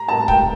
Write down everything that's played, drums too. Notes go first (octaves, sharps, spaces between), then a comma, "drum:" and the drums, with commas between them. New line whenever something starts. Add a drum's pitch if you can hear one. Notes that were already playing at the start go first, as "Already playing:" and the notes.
Already playing: A#5
A5
G5, drum: kick C#1